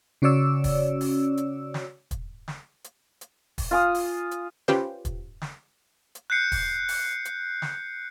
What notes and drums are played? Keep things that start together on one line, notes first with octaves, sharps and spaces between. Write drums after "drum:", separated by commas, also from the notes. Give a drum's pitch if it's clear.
C#3 C#4 F#4 C#5 D5 E6
drum: kick, open hi-hat
drum: open hi-hat
drum: hi-hat
drum: snare
drum: kick, hi-hat
drum: snare
drum: hi-hat
drum: hi-hat
drum: kick, open hi-hat
F4 F5 G#5 D#6
drum: open hi-hat
drum: hi-hat
C#4 F4 G4 B4 C5 G5, drum: snare
drum: kick, hi-hat
drum: snare
drum: hi-hat
F#6 G6 C7 C#7
drum: kick, open hi-hat
drum: open hi-hat
drum: hi-hat
drum: snare